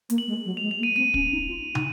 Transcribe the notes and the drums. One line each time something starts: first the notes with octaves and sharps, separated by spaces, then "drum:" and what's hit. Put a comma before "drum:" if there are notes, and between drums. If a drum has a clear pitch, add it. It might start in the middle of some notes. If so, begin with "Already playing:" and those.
A#3, drum: hi-hat
F#7
G#3
F#3
F7
G#3
F7
A#3
D#7
C4 D#7
C#4, drum: kick
D#4
F4
D#4, drum: tom